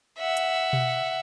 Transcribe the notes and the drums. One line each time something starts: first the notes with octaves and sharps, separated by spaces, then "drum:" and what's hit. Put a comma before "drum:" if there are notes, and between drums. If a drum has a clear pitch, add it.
E5 F#5
drum: hi-hat
drum: tom B2